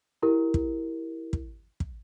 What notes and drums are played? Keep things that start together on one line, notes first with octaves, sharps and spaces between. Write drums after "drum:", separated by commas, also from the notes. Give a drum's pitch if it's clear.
E4 G4 A#4
drum: kick
drum: kick
drum: kick